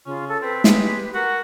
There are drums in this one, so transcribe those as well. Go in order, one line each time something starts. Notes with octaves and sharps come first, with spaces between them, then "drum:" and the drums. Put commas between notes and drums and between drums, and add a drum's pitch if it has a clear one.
C#3 C#4 F4
A4
C4 A4 B4
G#3 G4, drum: snare
F#4 A#4 F#5